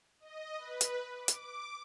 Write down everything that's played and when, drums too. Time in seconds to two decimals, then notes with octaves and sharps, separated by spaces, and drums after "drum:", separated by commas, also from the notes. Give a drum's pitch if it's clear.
0.20 D#5
0.57 B4
0.81 drum: hi-hat
1.18 D6
1.28 drum: hi-hat